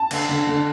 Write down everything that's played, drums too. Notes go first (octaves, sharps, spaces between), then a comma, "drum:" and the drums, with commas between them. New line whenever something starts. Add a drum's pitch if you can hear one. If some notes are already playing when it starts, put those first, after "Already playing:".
Already playing: A5
D3, drum: cymbal
D3
D3